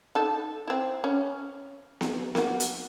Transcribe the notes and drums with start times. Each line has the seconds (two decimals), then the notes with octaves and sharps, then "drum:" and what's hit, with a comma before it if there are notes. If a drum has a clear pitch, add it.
0.15 D#4 A4
0.68 C4 E4
1.04 C#4
2.01 drum: snare B3
2.35 A#3 F#4, drum: snare B3
2.60 drum: hi-hat